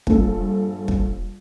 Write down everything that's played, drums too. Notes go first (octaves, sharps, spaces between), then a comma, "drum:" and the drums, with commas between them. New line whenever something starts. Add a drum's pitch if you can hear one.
A#1 G2 A4, drum: kick
drum: kick